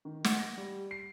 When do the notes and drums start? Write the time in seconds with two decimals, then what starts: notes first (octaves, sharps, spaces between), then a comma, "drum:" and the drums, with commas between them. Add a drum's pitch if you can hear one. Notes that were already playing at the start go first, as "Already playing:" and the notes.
0.05 D#3
0.24 F#5, drum: snare
0.39 A#6
0.58 G3
0.91 C7